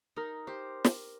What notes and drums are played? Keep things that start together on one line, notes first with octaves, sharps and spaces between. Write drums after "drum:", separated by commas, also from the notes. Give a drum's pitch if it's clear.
D#4 A#4
G4 C5
drum: snare